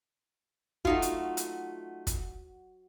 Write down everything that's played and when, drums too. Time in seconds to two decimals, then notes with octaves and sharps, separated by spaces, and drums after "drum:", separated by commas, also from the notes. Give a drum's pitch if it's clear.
0.85 A3 D#4 F4 F#4, drum: kick
1.02 drum: hi-hat
1.37 drum: hi-hat
2.07 drum: kick, hi-hat